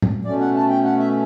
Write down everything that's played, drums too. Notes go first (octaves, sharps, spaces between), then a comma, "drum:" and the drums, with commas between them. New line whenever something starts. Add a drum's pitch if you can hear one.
drum: tom
B2 A3 C#4 D5
F#5
A5
G5
F#5
E5